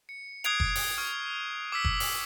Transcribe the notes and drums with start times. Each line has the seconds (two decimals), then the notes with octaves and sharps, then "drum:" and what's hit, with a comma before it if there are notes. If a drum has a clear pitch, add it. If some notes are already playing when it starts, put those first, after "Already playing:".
0.09 C#7
0.44 D#6 F#6 G#6 C7 D7 F7, drum: hi-hat
0.60 drum: kick
0.75 drum: open hi-hat
0.98 C#6 F6 G#6
1.72 D6 E6 B6
1.85 drum: kick
2.00 drum: open hi-hat